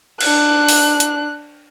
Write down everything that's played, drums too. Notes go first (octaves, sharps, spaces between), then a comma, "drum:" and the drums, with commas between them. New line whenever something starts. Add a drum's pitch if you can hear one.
D4 F#6, drum: cymbal
drum: open hi-hat
drum: hi-hat